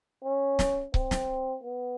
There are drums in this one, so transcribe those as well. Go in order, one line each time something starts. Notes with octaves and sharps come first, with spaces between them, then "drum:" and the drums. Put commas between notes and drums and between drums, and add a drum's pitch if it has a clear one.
C#4
drum: snare
C4, drum: kick C#1
drum: snare
B3